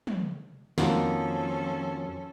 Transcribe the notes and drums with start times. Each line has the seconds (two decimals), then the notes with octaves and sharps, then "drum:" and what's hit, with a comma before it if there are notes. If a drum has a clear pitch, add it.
0.07 drum: tom
0.78 F2 D#3 F3 A#3 C#4 F#4 A4, drum: snare